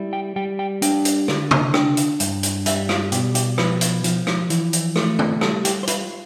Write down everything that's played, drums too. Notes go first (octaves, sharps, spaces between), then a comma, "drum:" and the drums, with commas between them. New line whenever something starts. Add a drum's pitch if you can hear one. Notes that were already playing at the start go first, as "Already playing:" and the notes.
Already playing: G3 E4
G5
G3 G5
G5
D4 G5, drum: hi-hat
drum: hi-hat
D3, drum: rim click
drum: tom
D4 G5, drum: rim click
drum: hi-hat
G2, drum: hi-hat
drum: hi-hat
G3 E5, drum: hi-hat
F4, drum: rim click
B2 G4, drum: hi-hat
G4, drum: hi-hat
F3 B4, drum: rim click
drum: hi-hat
F3, drum: hi-hat
drum: rim click
E3, drum: hi-hat
drum: hi-hat
A3, drum: rim click
drum: tom
G3 A4, drum: rim click
G4, drum: hi-hat
C5
F4 B4, drum: hi-hat